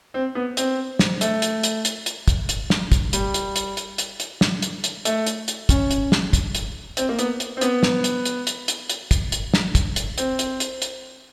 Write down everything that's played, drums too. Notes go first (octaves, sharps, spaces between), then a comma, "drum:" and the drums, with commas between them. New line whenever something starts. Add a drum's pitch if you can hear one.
C4
B3
C4, drum: hi-hat
drum: snare
A3, drum: hi-hat
drum: hi-hat
drum: hi-hat
drum: hi-hat
drum: hi-hat
drum: kick, hi-hat
drum: hi-hat
drum: snare
drum: kick, hi-hat
G3, drum: hi-hat
drum: hi-hat
drum: hi-hat
drum: hi-hat
drum: hi-hat
drum: hi-hat
drum: snare
drum: hi-hat
drum: hi-hat
A3, drum: hi-hat
drum: hi-hat
drum: hi-hat
C#4, drum: kick, hi-hat
drum: hi-hat
drum: snare
drum: kick, hi-hat
drum: hi-hat
C4, drum: hi-hat
A#3
B3, drum: hi-hat
drum: hi-hat
C4
B3, drum: hi-hat
drum: snare
drum: hi-hat
drum: hi-hat
drum: hi-hat
drum: hi-hat
drum: hi-hat
drum: kick, hi-hat
drum: hi-hat
drum: snare
drum: kick, hi-hat
drum: hi-hat
C4, drum: hi-hat
drum: hi-hat
drum: hi-hat
drum: hi-hat